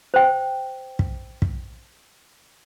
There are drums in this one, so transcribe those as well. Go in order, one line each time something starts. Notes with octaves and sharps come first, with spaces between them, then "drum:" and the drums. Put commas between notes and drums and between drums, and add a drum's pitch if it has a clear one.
C5 G5
drum: kick
drum: kick